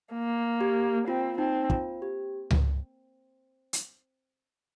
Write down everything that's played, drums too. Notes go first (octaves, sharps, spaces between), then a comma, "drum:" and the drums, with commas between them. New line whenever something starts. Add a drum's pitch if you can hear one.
A#3
G4
C4 F4
C4 D#4
F4, drum: kick
G4
drum: tom C#2
drum: hi-hat